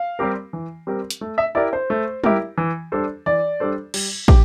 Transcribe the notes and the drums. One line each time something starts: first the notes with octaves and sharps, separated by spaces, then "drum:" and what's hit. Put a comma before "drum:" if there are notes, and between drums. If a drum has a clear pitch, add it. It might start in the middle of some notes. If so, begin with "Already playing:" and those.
Already playing: F5
G3 C4 G4 A#4
E3
G3 C4 G4 A#4
drum: hi-hat
A3
E5
E4 G4 A#4 D5
C5
A3
E4 G4 A#4, drum: tom
E3
G3 D4 A4 C5
E3 D5
G3 D4 A4 C5
G3, drum: cymbal
G4, drum: kick